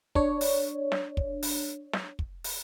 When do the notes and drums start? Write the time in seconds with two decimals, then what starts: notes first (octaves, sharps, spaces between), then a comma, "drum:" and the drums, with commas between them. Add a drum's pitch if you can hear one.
0.15 D4 C#5, drum: kick
0.41 drum: open hi-hat
0.92 drum: snare
1.17 drum: kick
1.43 drum: open hi-hat
1.93 drum: snare
2.19 drum: kick
2.44 drum: open hi-hat